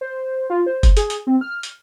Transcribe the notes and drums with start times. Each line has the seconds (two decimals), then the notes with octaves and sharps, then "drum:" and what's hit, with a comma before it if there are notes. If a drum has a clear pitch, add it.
0.01 C5
0.50 F4
0.66 C5
0.83 drum: kick F#1, hi-hat
0.97 G#4, drum: hi-hat
1.10 drum: hi-hat
1.27 C4
1.41 F6
1.63 drum: hi-hat